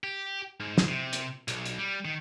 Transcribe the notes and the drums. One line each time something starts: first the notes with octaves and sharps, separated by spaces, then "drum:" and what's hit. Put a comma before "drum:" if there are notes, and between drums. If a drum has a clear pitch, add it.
G4
G#2
drum: snare
C3
drum: hi-hat
B1, drum: hi-hat
drum: hi-hat
G3
D#3